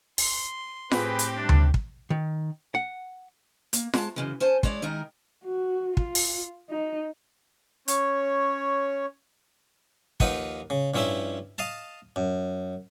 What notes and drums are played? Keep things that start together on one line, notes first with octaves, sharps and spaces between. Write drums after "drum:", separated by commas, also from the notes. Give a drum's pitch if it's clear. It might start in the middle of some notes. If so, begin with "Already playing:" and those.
C6, drum: open hi-hat
A2 C4 G4 G#4 B4, drum: snare F4
drum: hi-hat
C3 G3 D4
drum: tom D2
drum: kick
D#3
F#5
A#3, drum: hi-hat
G#3 A5, drum: snare F4
F#2 C#3 E3
C#4 C5 G#5 A5
G#3 E4 C#5 D5, drum: kick
D#3 G#3 D#4 E4 A#4
F#4
F4, drum: kick
drum: open hi-hat
D#4
C#4 C#5, drum: hi-hat
D#2 F3 D#4 B4 D#5 F#5, drum: kick
C#3
G2 F3 C#4 E4 E5
D#5 F5 A5
F#2